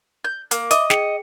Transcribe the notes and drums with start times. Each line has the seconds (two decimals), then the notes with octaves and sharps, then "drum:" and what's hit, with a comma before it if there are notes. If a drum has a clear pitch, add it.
0.25 G6
0.51 A#3, drum: hi-hat
0.71 D#5 E5 D6, drum: hi-hat
0.90 G#4 G5 C#7, drum: snare